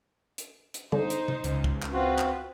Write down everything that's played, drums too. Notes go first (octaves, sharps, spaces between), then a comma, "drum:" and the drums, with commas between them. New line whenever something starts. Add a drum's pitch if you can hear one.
drum: hi-hat
drum: hi-hat
D3 D#4 C5, drum: tom G3
drum: hi-hat
drum: tom C3
C#2, drum: hi-hat
drum: kick C2
drum: clap
C4 F4 F#4 B4 C5
drum: clap